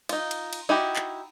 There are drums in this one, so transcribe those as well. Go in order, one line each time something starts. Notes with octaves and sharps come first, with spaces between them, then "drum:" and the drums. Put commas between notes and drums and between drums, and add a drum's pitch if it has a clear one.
D#4 F4, drum: cymbal
drum: cymbal
drum: cymbal
D#4 E4 F#4 G4
drum: clap